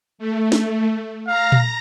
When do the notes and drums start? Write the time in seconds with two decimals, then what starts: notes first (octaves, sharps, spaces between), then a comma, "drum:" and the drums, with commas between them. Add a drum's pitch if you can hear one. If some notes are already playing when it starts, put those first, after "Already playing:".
0.18 A3
0.52 drum: snare
1.27 F5 A#5 A#6
1.52 drum: tom A#2